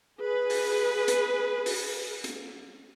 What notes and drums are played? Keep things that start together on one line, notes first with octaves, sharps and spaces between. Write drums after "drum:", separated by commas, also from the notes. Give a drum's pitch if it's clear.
G#4 B4
drum: open hi-hat
drum: hi-hat
drum: open hi-hat
drum: hi-hat